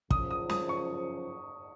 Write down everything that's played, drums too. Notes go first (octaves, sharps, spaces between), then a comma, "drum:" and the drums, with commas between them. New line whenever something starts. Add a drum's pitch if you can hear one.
F#2 C#3 F3 D#6, drum: kick
D#6
D#6, drum: snare
C#6